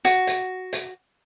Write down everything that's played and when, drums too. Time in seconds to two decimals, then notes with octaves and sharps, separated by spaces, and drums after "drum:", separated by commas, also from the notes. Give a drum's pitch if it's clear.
0.05 F#4, drum: hi-hat
0.27 drum: hi-hat
0.73 drum: hi-hat